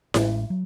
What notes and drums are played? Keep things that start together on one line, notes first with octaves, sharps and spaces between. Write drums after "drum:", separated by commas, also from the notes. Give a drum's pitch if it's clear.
A1 A2 G#3 C#4, drum: snare E4
F#3